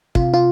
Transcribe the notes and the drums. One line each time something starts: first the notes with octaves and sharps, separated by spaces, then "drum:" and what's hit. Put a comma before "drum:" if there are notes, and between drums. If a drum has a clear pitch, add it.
C3 F4, drum: kick
F4